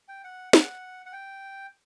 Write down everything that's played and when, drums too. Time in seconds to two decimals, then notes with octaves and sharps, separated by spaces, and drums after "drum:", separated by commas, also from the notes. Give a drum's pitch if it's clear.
0.08 G5
0.24 F#5
0.53 F#5, drum: snare
1.06 F#5
1.13 G5